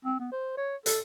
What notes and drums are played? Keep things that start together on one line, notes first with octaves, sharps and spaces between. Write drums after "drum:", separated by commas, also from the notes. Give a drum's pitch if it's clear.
C4
B3
C5
C#5
A4, drum: hi-hat